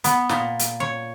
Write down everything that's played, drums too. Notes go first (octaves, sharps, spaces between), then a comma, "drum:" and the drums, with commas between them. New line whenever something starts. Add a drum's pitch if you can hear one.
B3, drum: hi-hat
A#2, drum: snare
drum: hi-hat
C#5